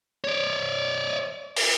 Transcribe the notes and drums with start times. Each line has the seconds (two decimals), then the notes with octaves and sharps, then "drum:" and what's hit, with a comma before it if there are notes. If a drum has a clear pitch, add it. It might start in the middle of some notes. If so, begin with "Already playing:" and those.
0.24 C#5 D5
1.56 drum: open hi-hat